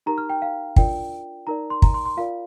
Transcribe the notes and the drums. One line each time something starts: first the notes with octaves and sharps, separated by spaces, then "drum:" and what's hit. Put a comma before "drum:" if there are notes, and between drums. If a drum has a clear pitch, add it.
D#4 G4 A#4 A#5
F6
G5
F5
D4 F4 A#4 D5 G5, drum: kick
D#4 A#4 D5 A#5
C6
A#5, drum: kick
C6
C6
F4 A#4 D5 F5